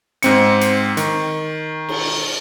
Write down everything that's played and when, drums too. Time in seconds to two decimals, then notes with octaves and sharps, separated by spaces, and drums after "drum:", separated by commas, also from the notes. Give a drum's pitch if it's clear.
0.22 G#2 C4 C#7, drum: hi-hat
0.61 drum: hi-hat
0.97 D#3, drum: hi-hat
1.89 drum: cymbal